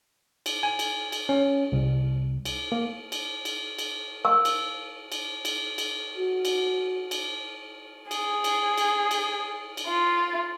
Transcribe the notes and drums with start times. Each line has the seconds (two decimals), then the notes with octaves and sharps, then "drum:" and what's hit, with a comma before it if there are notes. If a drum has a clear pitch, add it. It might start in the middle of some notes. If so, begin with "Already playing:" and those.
0.46 drum: cymbal
0.63 G#5
0.79 drum: cymbal
1.12 drum: cymbal
1.29 C#4
1.72 C2
2.45 drum: cymbal
2.72 A#3
3.12 drum: cymbal
3.45 drum: cymbal
3.79 drum: cymbal
4.25 A#4 F5 C#6 E6
4.45 drum: cymbal
5.12 drum: cymbal
5.45 drum: cymbal
5.78 drum: cymbal
6.17 F#4
6.45 drum: cymbal
7.11 drum: cymbal
8.11 G#4, drum: cymbal
8.44 drum: cymbal
8.78 drum: cymbal
9.11 drum: cymbal
9.77 drum: cymbal
9.87 F4